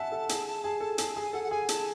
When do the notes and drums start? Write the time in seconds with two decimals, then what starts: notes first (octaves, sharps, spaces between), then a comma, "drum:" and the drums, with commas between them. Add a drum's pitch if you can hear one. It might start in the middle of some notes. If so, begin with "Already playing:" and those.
Already playing: E5 F#5 G#5 A5
0.12 A4
0.29 G#4, drum: hi-hat
0.64 G#4
0.81 A4
0.98 G#4, drum: hi-hat
1.16 G#4
1.23 G#5
1.33 A4 F#5
1.44 F#5
1.51 G#4 G#5
1.69 A5, drum: hi-hat